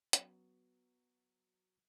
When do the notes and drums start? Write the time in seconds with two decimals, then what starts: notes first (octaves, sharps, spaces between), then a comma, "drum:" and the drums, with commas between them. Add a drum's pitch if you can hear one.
0.13 F#3 B3 C#4 B5, drum: hi-hat